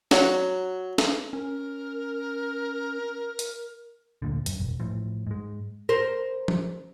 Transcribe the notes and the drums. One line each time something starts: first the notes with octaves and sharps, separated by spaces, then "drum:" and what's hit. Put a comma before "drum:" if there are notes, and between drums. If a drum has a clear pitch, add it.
F#3, drum: snare
drum: snare
C#4 A#4
drum: hi-hat
D2 A#2 D3
F#2, drum: hi-hat
E1 A#1
A2 E3 F3
G#2 G#3
A#4 C5
drum: tom F3